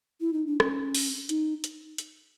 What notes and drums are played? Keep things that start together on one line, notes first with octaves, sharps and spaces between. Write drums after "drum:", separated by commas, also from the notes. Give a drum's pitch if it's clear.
E4
D#4
D4
C#4, drum: rim click
drum: open hi-hat
D#4, drum: hi-hat
drum: hi-hat
drum: hi-hat